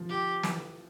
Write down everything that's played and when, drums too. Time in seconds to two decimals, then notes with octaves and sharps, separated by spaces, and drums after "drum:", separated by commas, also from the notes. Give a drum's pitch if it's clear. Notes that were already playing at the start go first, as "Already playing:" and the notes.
Already playing: F3
0.09 G4
0.43 E3, drum: snare